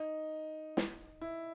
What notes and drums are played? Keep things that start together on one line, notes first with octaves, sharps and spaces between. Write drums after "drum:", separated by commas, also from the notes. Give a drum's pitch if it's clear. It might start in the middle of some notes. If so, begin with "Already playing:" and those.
Already playing: D#4
drum: snare
E4